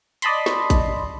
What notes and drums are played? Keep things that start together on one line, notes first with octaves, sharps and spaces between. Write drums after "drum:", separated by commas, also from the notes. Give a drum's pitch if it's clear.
D5 D#5 A5 B5 C6, drum: hi-hat
drum: snare
drum: kick A1, hi-hat